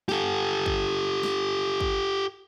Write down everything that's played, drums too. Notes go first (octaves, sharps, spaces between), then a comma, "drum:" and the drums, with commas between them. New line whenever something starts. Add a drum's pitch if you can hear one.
G4 A4, drum: snare
drum: kick
drum: snare
drum: kick